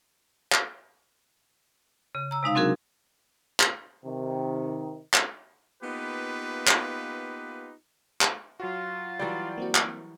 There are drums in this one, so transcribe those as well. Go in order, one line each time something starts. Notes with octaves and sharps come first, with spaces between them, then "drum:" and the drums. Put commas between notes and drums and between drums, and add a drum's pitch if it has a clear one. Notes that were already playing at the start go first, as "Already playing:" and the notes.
drum: clap
C#3
A#5 E6
C3 G#3 D#4 F5
F#3 C4 D4 F#4 G#4 A#4
drum: clap
C3 D#3
drum: clap
A#3 B3 D#4 F4 G4 B4
drum: clap
drum: clap
F#3 F4 F#4
E3 F#3 G3 D5 G5 G6 A6
A#3 C4 F#4
drum: clap